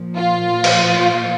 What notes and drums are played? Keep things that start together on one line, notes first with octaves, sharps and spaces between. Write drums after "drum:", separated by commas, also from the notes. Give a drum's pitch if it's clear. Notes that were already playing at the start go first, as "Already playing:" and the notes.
Already playing: A#2 F3
F4
drum: cymbal